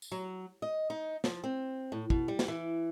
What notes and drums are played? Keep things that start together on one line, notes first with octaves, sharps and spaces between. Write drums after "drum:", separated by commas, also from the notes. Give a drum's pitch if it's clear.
drum: tambourine
F#3
D#5
D#4
F3, drum: snare
C4
A2
B2, drum: kick
G3
drum: snare
E3